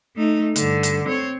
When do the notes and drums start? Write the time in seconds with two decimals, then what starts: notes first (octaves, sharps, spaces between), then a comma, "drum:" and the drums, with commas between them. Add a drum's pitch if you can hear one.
0.16 A3 D#4
0.56 G2 D3, drum: hi-hat
0.83 drum: hi-hat
1.06 C4 C#5